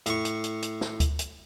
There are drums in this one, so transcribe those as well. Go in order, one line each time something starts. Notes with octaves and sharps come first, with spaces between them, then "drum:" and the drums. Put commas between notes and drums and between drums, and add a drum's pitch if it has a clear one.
A2 C#6, drum: hi-hat
drum: hi-hat
drum: hi-hat
drum: hi-hat
drum: snare
drum: kick D2, hi-hat
drum: hi-hat